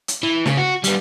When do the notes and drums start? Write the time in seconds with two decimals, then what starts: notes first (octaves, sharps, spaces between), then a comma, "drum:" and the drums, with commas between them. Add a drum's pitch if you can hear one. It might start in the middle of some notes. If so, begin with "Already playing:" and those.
0.08 drum: hi-hat
0.23 E3
0.46 C#3, drum: snare
0.57 F#4
0.84 G3 B3, drum: hi-hat